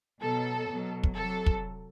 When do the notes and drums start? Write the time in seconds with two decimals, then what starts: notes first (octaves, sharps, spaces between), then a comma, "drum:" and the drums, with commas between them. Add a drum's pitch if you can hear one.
0.21 B2 F#3 A4
0.68 B2 F#3
1.03 drum: kick
1.15 C3 F#3 A4
1.46 drum: kick